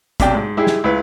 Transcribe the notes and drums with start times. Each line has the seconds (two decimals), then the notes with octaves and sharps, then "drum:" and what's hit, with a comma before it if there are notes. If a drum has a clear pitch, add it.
0.20 B1 C3 D5 G5 A5, drum: kick, hi-hat
0.35 G#2
0.57 G#3 E4 G4 G#4
0.67 drum: snare
0.84 C#2 E4 B4